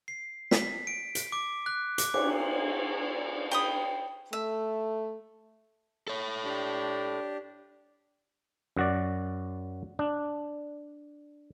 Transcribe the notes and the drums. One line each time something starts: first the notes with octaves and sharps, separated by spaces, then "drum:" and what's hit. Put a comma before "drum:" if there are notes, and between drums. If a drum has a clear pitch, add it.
C7
B6, drum: snare
D7
drum: hi-hat
D6
F#6
D6, drum: hi-hat
D6, drum: cymbal
G5 B5 D#6
A3 E5
A4 C#5
D4 G4
F#2 F#4 D5
D4